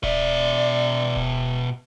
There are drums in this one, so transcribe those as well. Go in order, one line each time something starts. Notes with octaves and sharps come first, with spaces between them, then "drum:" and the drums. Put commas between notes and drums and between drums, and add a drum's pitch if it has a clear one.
B2 D5 E5, drum: kick D1
drum: kick D1